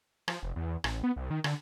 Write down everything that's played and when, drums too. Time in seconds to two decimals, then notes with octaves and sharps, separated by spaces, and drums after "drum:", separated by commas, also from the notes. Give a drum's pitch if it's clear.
0.28 F3, drum: rim click
0.43 F1
0.56 E2
0.84 A1, drum: rim click
1.04 B3
1.16 C2
1.30 D#3
1.44 D3, drum: rim click